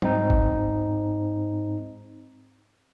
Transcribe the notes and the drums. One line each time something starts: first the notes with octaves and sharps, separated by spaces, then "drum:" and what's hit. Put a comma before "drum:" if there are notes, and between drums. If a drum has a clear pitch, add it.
G#2 C4 D#4, drum: tom
drum: kick